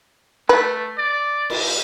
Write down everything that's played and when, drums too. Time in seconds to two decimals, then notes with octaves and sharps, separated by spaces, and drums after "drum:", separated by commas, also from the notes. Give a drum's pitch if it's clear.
0.49 A3 B4
0.98 D5
1.50 drum: cymbal